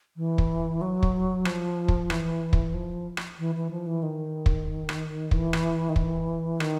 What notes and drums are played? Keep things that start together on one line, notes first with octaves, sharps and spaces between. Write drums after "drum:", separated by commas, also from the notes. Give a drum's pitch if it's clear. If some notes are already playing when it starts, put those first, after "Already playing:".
E3
drum: kick
F#3
drum: kick
F3, drum: rim click
drum: kick
E3, drum: rim click
drum: kick
F3
drum: rim click
E3
E3
F3
E3
D#3
drum: kick
drum: rim click
E3, drum: kick
drum: rim click
D#3
E3, drum: kick
D#3, drum: rim click